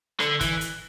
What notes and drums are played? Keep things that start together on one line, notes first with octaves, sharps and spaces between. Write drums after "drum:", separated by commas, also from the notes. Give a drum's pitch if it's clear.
D3, drum: rim click
E3, drum: kick, hi-hat
drum: hi-hat